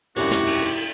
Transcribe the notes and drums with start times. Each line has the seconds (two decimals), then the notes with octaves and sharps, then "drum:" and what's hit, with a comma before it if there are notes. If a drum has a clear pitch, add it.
0.16 E1 C2 F#2 A#3 D#4 E4 F#4 G4, drum: cymbal
0.31 drum: snare
0.46 drum: cymbal
0.62 drum: cymbal
0.77 drum: cymbal